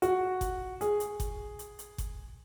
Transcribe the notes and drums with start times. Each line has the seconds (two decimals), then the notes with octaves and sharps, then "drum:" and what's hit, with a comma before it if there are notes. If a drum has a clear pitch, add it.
0.02 F#4, drum: hi-hat
0.41 drum: kick G1, hi-hat
0.81 G#4, drum: hi-hat
1.00 drum: hi-hat
1.20 drum: kick G1, hi-hat
1.59 drum: hi-hat
1.79 drum: hi-hat
1.98 drum: kick G1, hi-hat